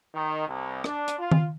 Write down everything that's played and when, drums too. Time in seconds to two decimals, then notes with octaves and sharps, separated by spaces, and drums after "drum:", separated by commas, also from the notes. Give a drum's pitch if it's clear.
0.14 D#3
0.47 C2
0.84 D4, drum: rim click
1.08 drum: hi-hat
1.18 F4
1.31 drum: tom D#3